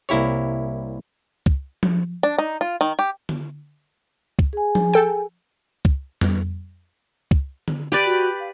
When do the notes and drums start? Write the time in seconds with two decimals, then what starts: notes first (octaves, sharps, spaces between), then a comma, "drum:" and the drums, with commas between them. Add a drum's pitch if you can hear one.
0.09 C2 A#3 E4 G4 C#5
1.46 drum: kick
1.83 drum: tom F3
2.23 D4
2.38 D#4
2.61 F4
2.81 D#3
2.99 G4
3.29 drum: tom D3
4.39 drum: kick
4.53 G#4 G#5
4.75 drum: tom F3
4.93 A4 G5
5.85 drum: kick
6.21 drum: tom
7.31 drum: kick
7.68 drum: tom D3
7.92 G4 B4 D5
8.06 F#4
8.40 F5